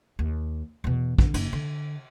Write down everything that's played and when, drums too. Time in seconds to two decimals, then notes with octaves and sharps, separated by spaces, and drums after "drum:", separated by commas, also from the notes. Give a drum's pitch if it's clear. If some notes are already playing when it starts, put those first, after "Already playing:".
0.19 D#2
0.84 E2 B2
1.19 D3, drum: kick
1.34 F#1 D#4, drum: cymbal
1.53 D3